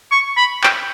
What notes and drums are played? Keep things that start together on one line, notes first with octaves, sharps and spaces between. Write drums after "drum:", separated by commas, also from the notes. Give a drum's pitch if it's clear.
C#6
B5
G5, drum: clap